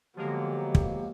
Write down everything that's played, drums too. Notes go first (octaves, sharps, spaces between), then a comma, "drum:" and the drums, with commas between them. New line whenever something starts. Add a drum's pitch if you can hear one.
D3 F3 F#3 G#3 A#3 B3 G4
drum: kick